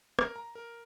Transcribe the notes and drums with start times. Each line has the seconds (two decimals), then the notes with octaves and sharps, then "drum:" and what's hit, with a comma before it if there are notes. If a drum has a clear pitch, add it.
0.19 A#4, drum: rim click
0.36 A#5
0.55 A#4